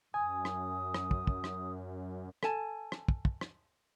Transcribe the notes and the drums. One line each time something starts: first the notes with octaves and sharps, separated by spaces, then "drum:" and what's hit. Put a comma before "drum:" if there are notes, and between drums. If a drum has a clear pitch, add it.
F#2 G#5 D#6
drum: rim click
drum: rim click
drum: kick
drum: kick
drum: rim click
A4 G#5 A5, drum: rim click
drum: rim click
drum: kick
drum: kick
drum: rim click